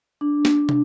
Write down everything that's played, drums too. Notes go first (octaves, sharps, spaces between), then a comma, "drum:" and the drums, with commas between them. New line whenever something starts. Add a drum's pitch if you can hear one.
D4
drum: snare
drum: tom